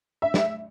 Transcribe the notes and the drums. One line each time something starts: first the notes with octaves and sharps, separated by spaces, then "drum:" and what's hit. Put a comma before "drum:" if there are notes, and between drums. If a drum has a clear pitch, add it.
E5
drum: snare